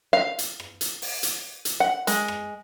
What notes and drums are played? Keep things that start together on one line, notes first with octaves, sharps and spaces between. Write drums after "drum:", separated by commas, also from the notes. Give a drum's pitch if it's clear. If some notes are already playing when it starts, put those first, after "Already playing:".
F5
drum: hi-hat
drum: rim click
drum: hi-hat
drum: open hi-hat
drum: hi-hat
drum: hi-hat
F#5
G#3, drum: hi-hat
drum: rim click